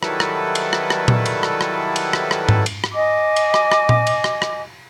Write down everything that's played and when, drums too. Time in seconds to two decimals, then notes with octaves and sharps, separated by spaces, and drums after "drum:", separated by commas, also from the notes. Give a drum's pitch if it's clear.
0.03 D#3 F#3 G3 E4 A4 B4, drum: rim click
0.20 drum: rim click
0.55 drum: cymbal
0.73 drum: rim click
0.90 drum: rim click
1.08 drum: tom A#2
1.26 drum: cymbal
1.43 drum: rim click
1.61 drum: rim click
1.96 drum: cymbal
2.13 drum: rim click
2.31 drum: rim click
2.49 drum: tom G#2
2.66 drum: cymbal
2.84 drum: rim click
2.94 D#5 G#5 D6
3.36 drum: cymbal
3.54 drum: rim click
3.72 drum: rim click
3.89 drum: tom A#2
4.07 drum: cymbal
4.24 drum: rim click
4.42 drum: rim click